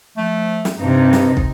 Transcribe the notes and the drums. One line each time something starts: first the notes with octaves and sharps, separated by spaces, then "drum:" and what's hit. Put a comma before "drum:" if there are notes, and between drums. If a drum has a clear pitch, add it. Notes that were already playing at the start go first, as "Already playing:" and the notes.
F3 A3
drum: snare
G2 C3 D#4
drum: snare
drum: kick